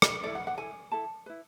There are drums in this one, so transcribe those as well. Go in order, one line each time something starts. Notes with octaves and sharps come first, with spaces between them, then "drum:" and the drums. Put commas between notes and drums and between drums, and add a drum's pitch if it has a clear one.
drum: rim click
E4 A4 D5
F#5
F#5
E4 A4 G#5
E4 A4 A5
E4 B4